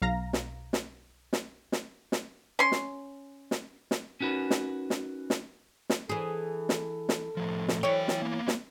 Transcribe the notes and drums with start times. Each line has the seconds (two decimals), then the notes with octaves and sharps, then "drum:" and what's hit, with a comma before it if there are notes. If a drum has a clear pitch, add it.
0.02 B1 F5 A#5 A#6
0.33 drum: snare
0.73 drum: snare
1.33 drum: snare
1.72 drum: snare
2.12 drum: snare
2.59 C#4 C6
2.72 drum: snare
3.51 drum: snare
3.91 drum: snare
4.21 C#4 D#4 F#4 A#4 B4
4.50 drum: snare
4.90 drum: snare
5.30 drum: snare
5.90 drum: snare
6.09 E3 G#4 A4
6.69 drum: snare
7.09 drum: snare
7.37 A2 F3
7.68 drum: snare
7.83 E3 F#3 C#5 G5
8.08 drum: snare
8.22 A#3 B3
8.48 drum: snare